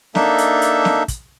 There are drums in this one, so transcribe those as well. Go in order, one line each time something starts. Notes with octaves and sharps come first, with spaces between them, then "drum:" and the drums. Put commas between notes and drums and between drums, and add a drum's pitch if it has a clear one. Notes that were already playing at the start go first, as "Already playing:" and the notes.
A#3 D4 D#4 A4 E5, drum: snare
drum: hi-hat
drum: hi-hat
drum: snare
drum: kick, hi-hat